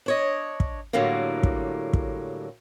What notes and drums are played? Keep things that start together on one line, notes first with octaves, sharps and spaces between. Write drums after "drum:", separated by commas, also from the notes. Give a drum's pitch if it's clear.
D4 C#5 D#5
drum: kick
A2 D3 F#3 G3 A#3
drum: kick
drum: kick